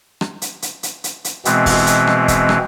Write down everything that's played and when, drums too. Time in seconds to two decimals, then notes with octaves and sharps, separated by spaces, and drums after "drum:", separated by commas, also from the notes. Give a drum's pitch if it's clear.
0.21 drum: rim click
0.42 drum: hi-hat
0.62 drum: hi-hat
0.83 drum: hi-hat
1.04 drum: hi-hat
1.25 drum: hi-hat
1.45 B2 E3 G#3 B3 C4, drum: hi-hat
1.66 drum: kick, open hi-hat
1.87 drum: hi-hat
2.07 drum: rim click
2.28 drum: kick, hi-hat
2.49 drum: rim click